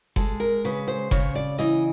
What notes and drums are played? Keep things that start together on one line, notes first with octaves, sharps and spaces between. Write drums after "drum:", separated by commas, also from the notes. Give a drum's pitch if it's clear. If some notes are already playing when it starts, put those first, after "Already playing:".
G#3 A4, drum: kick F#1
A#4
C#3 B4
C5
C#3 C#5, drum: kick F#1
D5
E3 D#5